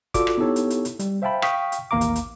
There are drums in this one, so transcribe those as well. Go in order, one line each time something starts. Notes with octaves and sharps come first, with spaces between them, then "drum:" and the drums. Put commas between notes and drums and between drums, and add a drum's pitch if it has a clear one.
F4 F#4 A4 D5 D6, drum: kick, hi-hat
drum: rim click
B3 D#4 E4 G4 A4 C#5
drum: hi-hat
drum: hi-hat
drum: hi-hat
G3, drum: hi-hat
C5 E5 F5 G5 A5 B5
F5 G5 C#6 D#6 B6, drum: rim click
drum: hi-hat
A1 D#2 A#3 F5 A#5 D6
drum: hi-hat
drum: hi-hat